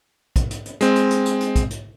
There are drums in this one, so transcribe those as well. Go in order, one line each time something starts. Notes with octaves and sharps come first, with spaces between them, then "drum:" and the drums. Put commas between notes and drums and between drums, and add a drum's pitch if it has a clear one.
drum: kick, hi-hat
drum: hi-hat
drum: hi-hat
G#3 C4, drum: hi-hat
drum: hi-hat
drum: hi-hat
drum: hi-hat
drum: hi-hat
drum: kick, hi-hat
drum: hi-hat